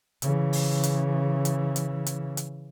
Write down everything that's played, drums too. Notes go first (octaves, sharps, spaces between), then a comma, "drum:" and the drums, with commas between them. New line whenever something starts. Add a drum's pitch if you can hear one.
C#3 E3, drum: hi-hat
drum: open hi-hat
drum: hi-hat
drum: hi-hat
drum: hi-hat
drum: hi-hat
drum: hi-hat